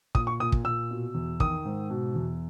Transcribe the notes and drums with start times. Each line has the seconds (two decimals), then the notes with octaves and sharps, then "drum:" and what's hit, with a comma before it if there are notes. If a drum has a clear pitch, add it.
0.15 A#2 D#6, drum: kick
0.27 C#6
0.40 A#2 D#6
0.52 drum: kick
0.64 A#2 E6
0.90 B2
1.14 E2
1.40 D#3 D#6, drum: kick
1.65 G#2
1.90 B2
2.15 E2